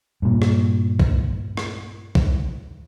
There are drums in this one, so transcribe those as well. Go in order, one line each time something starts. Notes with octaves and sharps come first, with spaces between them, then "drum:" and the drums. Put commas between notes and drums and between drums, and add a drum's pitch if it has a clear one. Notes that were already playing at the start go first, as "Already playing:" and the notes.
G2 A#2
drum: rim click
drum: kick
drum: rim click
drum: kick